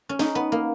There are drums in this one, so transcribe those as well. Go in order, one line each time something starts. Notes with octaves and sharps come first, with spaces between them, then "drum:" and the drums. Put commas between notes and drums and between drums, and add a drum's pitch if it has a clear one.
C#4
D#4, drum: snare
B3
A#3